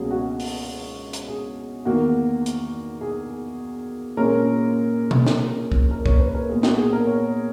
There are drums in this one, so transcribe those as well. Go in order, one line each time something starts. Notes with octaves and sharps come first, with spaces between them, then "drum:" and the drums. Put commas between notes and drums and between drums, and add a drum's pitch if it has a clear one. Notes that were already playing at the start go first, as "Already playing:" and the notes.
Already playing: C#2 B2 A#3 C#4 F#4 G#4
F#4
drum: open hi-hat
drum: hi-hat
G#4
E2 D#3 A#3 F#4
drum: hi-hat
G#4
A#2 G#3 C#4 A#4
drum: tom B2
drum: snare
drum: kick
A#4
C#5, drum: kick
B4
A#4
A#2 G#3 B3 G#4
F#4, drum: snare
G#4
A#4
C#5